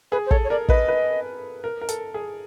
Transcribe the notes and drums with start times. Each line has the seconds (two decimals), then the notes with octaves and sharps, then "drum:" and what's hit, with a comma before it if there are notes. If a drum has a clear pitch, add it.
0.12 G#4 B4
0.26 C5
0.31 A4 C#5, drum: kick
0.44 C#5
0.50 A#4 D5
0.69 B4 D#5, drum: kick
0.88 B4
1.64 A#4
1.81 A#4
1.89 A4, drum: hi-hat
2.14 G#4